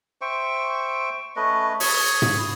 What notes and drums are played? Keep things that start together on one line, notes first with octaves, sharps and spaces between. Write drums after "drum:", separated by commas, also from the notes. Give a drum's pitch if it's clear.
C5 E5 G5 C#6
A3 C#4 B4 D#5
C#5 B5 C#6 D#6, drum: open hi-hat
drum: tom